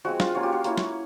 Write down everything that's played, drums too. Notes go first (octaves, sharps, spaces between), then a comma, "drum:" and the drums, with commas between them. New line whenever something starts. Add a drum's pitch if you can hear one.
F3 G#3 C4 F#4
F4, drum: snare
A#3 C#4 F4 F#4
G4
F#4
A#3 C#4 E4, drum: hi-hat
drum: snare